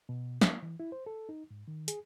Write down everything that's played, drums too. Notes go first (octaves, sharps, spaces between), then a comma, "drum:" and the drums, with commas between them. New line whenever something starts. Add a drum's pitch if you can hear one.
B2
A#3, drum: snare
E3
E4
C5
A4
D#4
G#2
D#3
G#4, drum: hi-hat